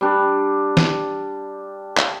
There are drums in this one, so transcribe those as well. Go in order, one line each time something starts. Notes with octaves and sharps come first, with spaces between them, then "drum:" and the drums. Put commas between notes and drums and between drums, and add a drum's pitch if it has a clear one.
G3 D4
drum: snare
drum: clap